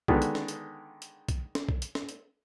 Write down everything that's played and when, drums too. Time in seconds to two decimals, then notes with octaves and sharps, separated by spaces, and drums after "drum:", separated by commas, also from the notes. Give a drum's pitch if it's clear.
0.08 D3 D#3 G#3 B3, drum: kick
0.22 drum: hi-hat
0.35 drum: snare
0.48 drum: hi-hat
1.02 drum: hi-hat
1.29 drum: kick, hi-hat
1.55 drum: snare
1.69 drum: kick
1.82 drum: hi-hat
1.95 drum: snare
2.09 drum: hi-hat